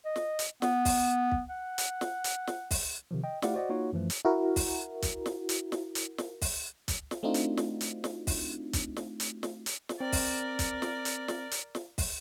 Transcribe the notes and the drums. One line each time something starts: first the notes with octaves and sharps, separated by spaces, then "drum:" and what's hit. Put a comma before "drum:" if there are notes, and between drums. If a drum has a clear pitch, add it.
D#5
drum: snare
drum: hi-hat
B3, drum: snare
drum: kick, open hi-hat
drum: kick
F#5
drum: hi-hat
drum: snare
drum: hi-hat
drum: snare
drum: kick, open hi-hat
C3 D#3 F3
D#5 G5
A3 E4 G4 D5 F5 F#5, drum: snare
F#4 C5 D5 D#5 F#5
A#3 D#4 F4 F#4 C#5
F#2 E3 F3 A3
drum: hi-hat
E4 F#4 A#4
drum: kick, open hi-hat
drum: kick, hi-hat
drum: snare
drum: hi-hat
drum: snare
drum: hi-hat
drum: snare
drum: kick, open hi-hat
drum: kick, hi-hat
drum: snare
A3 C4 D4 D#4 F4 F#4
drum: hi-hat
drum: snare
drum: hi-hat
drum: snare
drum: kick, open hi-hat
drum: kick, hi-hat
drum: snare
drum: hi-hat
drum: snare
drum: hi-hat
drum: snare
C4 A#4 D5
drum: kick, open hi-hat
drum: kick, hi-hat
drum: snare
drum: hi-hat
drum: snare
drum: hi-hat
drum: snare
drum: kick, open hi-hat